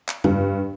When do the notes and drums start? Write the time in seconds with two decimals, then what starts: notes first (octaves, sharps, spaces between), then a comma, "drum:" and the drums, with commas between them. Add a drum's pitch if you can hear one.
0.08 drum: clap
0.24 G2, drum: tom F2